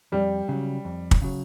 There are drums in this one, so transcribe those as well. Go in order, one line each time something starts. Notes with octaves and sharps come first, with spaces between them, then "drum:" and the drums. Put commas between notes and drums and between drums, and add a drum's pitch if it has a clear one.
F2 G3
C#3 F#3
F2
drum: kick
C#3 F#3